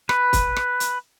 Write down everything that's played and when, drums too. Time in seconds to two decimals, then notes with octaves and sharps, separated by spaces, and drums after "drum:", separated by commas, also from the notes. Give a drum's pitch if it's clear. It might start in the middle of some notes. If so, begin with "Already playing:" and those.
0.09 B4, drum: rim click
0.33 drum: kick, hi-hat
0.56 drum: rim click
0.80 drum: hi-hat